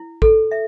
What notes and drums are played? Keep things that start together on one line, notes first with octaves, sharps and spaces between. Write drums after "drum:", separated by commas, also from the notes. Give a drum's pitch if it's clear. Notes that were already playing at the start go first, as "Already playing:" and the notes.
Already playing: E4
A4, drum: kick
E5